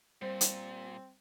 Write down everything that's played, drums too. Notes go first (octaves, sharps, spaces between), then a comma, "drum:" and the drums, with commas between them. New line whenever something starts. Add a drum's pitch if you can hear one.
A#2 G3 C4 C5
drum: hi-hat